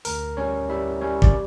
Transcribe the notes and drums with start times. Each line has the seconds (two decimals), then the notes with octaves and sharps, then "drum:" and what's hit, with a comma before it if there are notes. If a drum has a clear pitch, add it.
0.05 D2 A#4, drum: open hi-hat
0.37 G3 C#4 C#5
0.69 G3 E4 E5
1.01 G3 C#4 C#5
1.22 D5, drum: kick